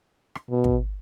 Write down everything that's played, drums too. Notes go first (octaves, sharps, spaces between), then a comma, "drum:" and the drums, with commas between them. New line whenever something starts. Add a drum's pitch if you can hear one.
drum: rim click
B2
drum: kick